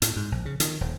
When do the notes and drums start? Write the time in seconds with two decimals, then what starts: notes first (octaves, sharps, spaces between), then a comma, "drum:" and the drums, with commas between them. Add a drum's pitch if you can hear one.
0.02 A2, drum: hi-hat
0.16 G#2
0.32 A#1
0.45 C#3
0.60 D#3, drum: hi-hat
0.81 D#1